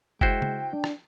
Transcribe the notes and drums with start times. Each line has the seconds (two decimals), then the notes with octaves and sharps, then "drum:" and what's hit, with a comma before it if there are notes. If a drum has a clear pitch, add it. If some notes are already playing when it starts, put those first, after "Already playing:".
0.21 G#3 E4 F#4 C5 G5, drum: kick F#1
0.42 drum: tom C#3
0.73 D4
0.84 drum: rim click